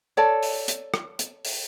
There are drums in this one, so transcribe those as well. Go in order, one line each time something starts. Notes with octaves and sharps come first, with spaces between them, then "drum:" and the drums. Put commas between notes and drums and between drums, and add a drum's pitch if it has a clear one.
A4 C#5 D5 A5
drum: open hi-hat
drum: hi-hat
drum: rim click
drum: hi-hat
drum: open hi-hat